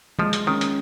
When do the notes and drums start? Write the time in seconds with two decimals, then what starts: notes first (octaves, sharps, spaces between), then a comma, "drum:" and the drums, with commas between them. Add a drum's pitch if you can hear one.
0.19 F3 G#3, drum: tom
0.33 drum: hi-hat
0.47 D#3 C#4
0.61 drum: hi-hat